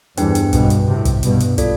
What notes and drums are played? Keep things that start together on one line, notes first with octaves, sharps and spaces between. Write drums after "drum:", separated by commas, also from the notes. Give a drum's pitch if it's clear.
E2 G2 D4 A4 C5 G5, drum: hi-hat
drum: hi-hat
G2 B2, drum: kick, hi-hat
drum: hi-hat
A2 C3
drum: kick, hi-hat
G2 B2, drum: hi-hat
drum: hi-hat
F4 A4 D5, drum: kick, hi-hat